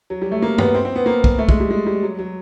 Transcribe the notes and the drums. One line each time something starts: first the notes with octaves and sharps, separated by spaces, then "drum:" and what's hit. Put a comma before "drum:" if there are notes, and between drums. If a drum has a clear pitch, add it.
F#3
G3
A3
A#3
B3, drum: tom G2
C4
C4
B3
A#3
drum: kick
A3
G#3, drum: kick
G3
G#3
G3
F#3
F#3